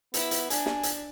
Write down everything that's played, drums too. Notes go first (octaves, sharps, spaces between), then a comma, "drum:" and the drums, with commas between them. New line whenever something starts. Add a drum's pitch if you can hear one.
B3 E4, drum: hi-hat
drum: hi-hat
D4 G#5, drum: hi-hat
drum: snare
drum: hi-hat